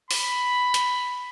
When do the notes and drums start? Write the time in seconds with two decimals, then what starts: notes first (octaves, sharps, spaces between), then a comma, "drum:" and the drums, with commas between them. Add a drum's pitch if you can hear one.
0.11 B5, drum: open hi-hat
0.74 drum: hi-hat